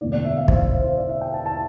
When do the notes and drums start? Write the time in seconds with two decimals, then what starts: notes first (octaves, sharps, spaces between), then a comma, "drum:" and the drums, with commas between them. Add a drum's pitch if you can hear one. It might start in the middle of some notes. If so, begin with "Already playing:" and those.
0.01 E1 E2 D3 A3 D4 D5
0.12 D5
0.25 E5
0.37 F5
0.48 C5, drum: kick
0.73 C5
0.84 C5
0.97 D5
1.09 E5
1.21 G5
1.34 A5
1.46 A5